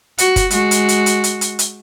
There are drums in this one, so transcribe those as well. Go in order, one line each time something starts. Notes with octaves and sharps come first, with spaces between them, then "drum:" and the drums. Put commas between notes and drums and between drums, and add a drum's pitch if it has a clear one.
F#4, drum: hi-hat
drum: kick, hi-hat
G#3 F#4, drum: hi-hat
drum: hi-hat
drum: hi-hat
drum: hi-hat
drum: hi-hat
drum: hi-hat
drum: hi-hat